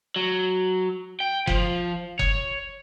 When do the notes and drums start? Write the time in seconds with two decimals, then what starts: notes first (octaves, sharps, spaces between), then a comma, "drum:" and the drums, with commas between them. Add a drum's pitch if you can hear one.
0.16 F#3
1.20 G5
1.47 F3, drum: kick F#1
2.19 C#5, drum: kick F#1